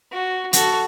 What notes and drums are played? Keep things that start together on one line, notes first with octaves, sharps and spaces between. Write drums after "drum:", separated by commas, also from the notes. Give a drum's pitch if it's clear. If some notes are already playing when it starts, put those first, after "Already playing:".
F#4
F#4 A4, drum: hi-hat